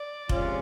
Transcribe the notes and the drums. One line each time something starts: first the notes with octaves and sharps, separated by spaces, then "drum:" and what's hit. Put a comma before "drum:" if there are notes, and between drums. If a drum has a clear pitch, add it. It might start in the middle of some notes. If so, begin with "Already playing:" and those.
Already playing: D5
C3 F3 G#3 C#4 F4, drum: kick F1